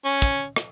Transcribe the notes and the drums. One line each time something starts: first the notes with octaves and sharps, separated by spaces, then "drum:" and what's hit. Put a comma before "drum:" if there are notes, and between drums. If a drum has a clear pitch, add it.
C#4
drum: kick, hi-hat
drum: rim click